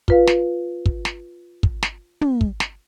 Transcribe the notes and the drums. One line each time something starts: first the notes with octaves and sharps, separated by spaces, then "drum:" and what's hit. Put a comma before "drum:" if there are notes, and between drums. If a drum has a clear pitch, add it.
F4 B4 F5, drum: kick
drum: snare
drum: kick
drum: snare
drum: kick
drum: snare
drum: tom
drum: kick
drum: snare